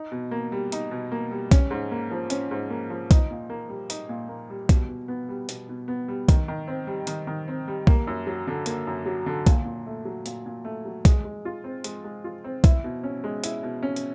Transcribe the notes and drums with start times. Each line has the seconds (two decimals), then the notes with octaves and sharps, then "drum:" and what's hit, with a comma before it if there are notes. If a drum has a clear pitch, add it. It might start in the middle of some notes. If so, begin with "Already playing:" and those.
Already playing: D#4
0.12 B2
0.31 A#3
0.52 G3
0.72 D#4, drum: hi-hat
0.91 B2
1.12 A#3
1.31 G3
1.51 C#4, drum: kick B1, hi-hat
1.71 G#2
1.92 A#3
2.11 F3
2.30 C#4, drum: hi-hat
2.51 G#2
2.70 A#3
2.90 F3
3.11 D#4, drum: kick B1, hi-hat
3.31 A#2
3.50 A#3
3.69 G3
3.90 D#4, drum: hi-hat
4.09 A#2
4.29 A#3
4.50 G3
4.69 B2, drum: kick B1, hi-hat
4.89 B2
5.08 B3
5.29 G3
5.49 B2, drum: hi-hat
5.69 B2
5.88 B3
6.08 G3
6.29 D#3, drum: kick B1, hi-hat
6.48 D#3
6.67 C4
6.87 G3
7.07 D#3, drum: hi-hat
7.27 D#3
7.48 C4
7.68 G3
7.87 A#3, drum: kick B1
8.07 F#2
8.27 F#3
8.47 D3
8.66 A#3, drum: hi-hat
8.87 F#2
9.06 F#3
9.26 D3
9.47 A#2, drum: kick B1, hi-hat
9.65 A#2
9.86 A3
10.05 F#3
10.26 A#2, drum: hi-hat
10.46 A#2
10.65 A3
10.85 F#3
11.05 G#3, drum: kick B1, hi-hat
11.24 G#3
11.45 F4
11.64 C4
11.84 G#3, drum: hi-hat
12.04 G#3
12.24 F4
12.44 C4
12.64 E4, drum: kick B1, hi-hat
12.84 B2
13.03 C#4
13.24 G#3
13.44 E4, drum: hi-hat
13.63 B2
13.83 C#4
13.96 drum: hi-hat